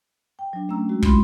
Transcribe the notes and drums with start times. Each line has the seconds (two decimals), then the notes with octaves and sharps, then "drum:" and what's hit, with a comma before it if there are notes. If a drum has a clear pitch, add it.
0.39 G5
0.53 F#3 D4
0.69 A3 C#4 D4 A#5 E6
0.89 G#3 F#4
1.02 G#3 E4 F4 B5 C6, drum: kick